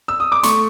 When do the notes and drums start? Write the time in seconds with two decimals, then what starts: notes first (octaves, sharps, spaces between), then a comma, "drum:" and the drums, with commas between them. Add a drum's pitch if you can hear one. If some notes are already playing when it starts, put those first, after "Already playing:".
0.08 E6
0.20 D#6
0.32 D6
0.43 A3 C#6, drum: hi-hat